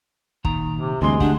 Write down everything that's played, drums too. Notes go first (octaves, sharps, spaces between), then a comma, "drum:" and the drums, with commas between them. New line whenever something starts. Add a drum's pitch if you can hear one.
A#2 D#3 A#5, drum: kick
C3
D2 G2 E3 G#3 C4 C6
D4 G4 F#5, drum: kick